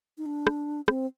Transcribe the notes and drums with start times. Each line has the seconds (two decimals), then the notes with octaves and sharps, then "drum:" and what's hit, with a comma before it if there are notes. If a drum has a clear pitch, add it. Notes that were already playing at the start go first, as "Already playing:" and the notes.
0.18 D#4
0.26 D4
0.47 drum: rim click
0.88 C4, drum: rim click